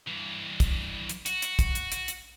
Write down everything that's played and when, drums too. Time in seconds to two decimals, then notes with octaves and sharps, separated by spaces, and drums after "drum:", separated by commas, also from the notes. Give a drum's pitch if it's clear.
0.07 G2 E3
0.60 drum: kick, hi-hat
1.09 drum: hi-hat
1.26 F#4, drum: hi-hat
1.42 drum: hi-hat
1.59 drum: kick, hi-hat
1.75 drum: hi-hat
1.92 drum: hi-hat
2.08 drum: hi-hat